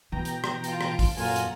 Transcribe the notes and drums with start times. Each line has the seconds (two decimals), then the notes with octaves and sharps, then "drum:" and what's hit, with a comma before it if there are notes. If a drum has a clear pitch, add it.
0.12 B2 E3 G5 A#5
0.25 drum: hi-hat
0.44 drum: rim click
0.64 F4 A5 D7, drum: hi-hat
0.81 drum: rim click
0.99 drum: kick A1, open hi-hat
1.17 F#2 A#2 F4 A4 F#5 G#5 A#5, drum: open hi-hat
1.36 drum: hi-hat